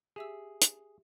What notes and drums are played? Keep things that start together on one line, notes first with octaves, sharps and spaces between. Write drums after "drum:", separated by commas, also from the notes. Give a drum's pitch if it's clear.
G4 G#4 E5 E6
drum: hi-hat